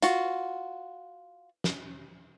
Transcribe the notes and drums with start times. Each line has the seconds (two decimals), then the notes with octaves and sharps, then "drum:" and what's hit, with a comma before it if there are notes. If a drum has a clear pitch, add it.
0.02 F4 F#4, drum: hi-hat
1.64 drum: snare